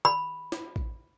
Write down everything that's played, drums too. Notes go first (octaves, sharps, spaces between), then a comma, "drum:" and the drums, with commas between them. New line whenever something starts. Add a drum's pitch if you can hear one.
B5
drum: snare
drum: kick A1